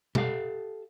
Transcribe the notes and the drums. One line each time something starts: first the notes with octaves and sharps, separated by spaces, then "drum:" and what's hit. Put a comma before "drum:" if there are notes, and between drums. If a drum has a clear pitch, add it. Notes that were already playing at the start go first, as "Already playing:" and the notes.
G4 A4 F5, drum: tom B2